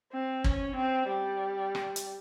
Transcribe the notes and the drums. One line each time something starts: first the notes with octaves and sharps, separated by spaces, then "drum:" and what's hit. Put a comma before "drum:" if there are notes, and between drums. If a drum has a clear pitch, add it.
C4
C#4, drum: kick
C4
G3
drum: rim click
drum: hi-hat